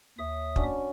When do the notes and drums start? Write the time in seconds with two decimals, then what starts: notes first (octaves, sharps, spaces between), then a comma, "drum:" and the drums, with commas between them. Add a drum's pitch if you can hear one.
0.19 D#2 C#5 E5 D#6
0.56 F#3 C#4 D4, drum: kick